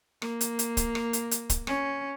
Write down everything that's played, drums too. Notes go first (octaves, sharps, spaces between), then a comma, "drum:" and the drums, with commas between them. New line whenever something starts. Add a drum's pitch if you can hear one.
A#3, drum: rim click
drum: hi-hat
drum: hi-hat
drum: kick, hi-hat
drum: rim click
drum: hi-hat
drum: hi-hat
drum: kick, hi-hat
C#4, drum: rim click